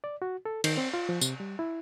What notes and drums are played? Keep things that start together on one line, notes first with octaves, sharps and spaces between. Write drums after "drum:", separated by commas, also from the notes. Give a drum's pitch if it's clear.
D5
F#4
A4
D#3, drum: cymbal
C4
F4
F3
C3, drum: tambourine
G3
E4